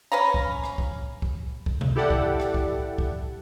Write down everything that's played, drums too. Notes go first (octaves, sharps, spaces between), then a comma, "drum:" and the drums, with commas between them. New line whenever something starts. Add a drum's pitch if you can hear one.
C#4 B4 F5 A#5
drum: kick
drum: rim click
drum: kick
drum: kick
drum: kick
drum: tom B2
E4 G4 A4 D5 F#5
drum: kick
drum: rim click
drum: kick
drum: kick